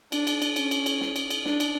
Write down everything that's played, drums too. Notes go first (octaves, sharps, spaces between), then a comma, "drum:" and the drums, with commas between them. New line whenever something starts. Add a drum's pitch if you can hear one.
D4, drum: cymbal
drum: cymbal
drum: cymbal
C#4, drum: cymbal
drum: cymbal
drum: cymbal
drum: snare
drum: cymbal
drum: cymbal
D4, drum: snare
drum: cymbal